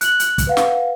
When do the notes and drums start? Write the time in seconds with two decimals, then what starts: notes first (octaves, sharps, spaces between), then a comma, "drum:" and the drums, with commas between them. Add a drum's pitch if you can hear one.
0.01 F#6 F#7, drum: hi-hat
0.20 drum: hi-hat
0.38 drum: kick, hi-hat
0.47 B4 F5 F#5
0.57 drum: snare